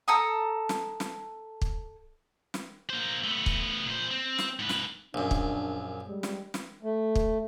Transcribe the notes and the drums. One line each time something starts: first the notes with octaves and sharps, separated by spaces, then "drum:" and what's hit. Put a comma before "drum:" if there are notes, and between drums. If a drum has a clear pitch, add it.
A4 A#5 D#6
drum: snare
drum: snare
drum: kick
drum: snare
A#3 C5
A3 B3
drum: kick
A#2 C5
C4
drum: snare
G#2 B4
drum: snare
A#1 F#2 D4
drum: kick
G3 G#3
drum: snare
drum: snare
A3
drum: kick